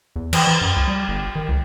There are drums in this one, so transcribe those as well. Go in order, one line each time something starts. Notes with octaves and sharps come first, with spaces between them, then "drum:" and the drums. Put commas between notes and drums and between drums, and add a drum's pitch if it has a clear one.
E2
E3, drum: cymbal
E3
F#2
C#2
G3
G1
D#3
C#2